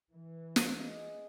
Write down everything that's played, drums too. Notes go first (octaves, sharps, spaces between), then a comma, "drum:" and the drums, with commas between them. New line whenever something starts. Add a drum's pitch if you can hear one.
E3
drum: snare
G#3 G#4